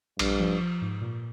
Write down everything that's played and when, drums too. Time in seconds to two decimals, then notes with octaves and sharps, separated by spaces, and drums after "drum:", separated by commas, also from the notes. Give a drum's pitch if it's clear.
0.19 A#1 G2, drum: cymbal
0.40 F3
0.61 F3
0.82 G#2
1.01 A#2